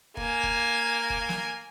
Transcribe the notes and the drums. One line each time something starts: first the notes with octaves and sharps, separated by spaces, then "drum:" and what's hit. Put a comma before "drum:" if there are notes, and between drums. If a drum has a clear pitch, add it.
A#3 G#5, drum: kick
drum: kick
drum: kick
drum: snare